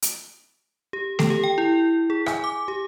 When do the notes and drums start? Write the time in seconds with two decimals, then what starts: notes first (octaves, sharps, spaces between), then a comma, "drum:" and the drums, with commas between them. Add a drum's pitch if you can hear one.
0.02 drum: hi-hat
0.93 G4
1.19 A4, drum: snare A3
1.30 G4
1.44 G5
1.58 E4
2.10 G#4
2.26 G#5, drum: rim click
2.44 D6
2.68 G4